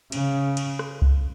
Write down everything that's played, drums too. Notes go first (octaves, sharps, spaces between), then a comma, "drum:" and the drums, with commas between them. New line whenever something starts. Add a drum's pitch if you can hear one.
C#3, drum: cymbal
drum: cymbal
drum: rim click
drum: kick C2